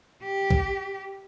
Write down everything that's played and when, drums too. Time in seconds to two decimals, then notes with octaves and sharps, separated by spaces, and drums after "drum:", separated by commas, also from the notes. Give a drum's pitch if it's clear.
0.23 G4
0.50 drum: kick B1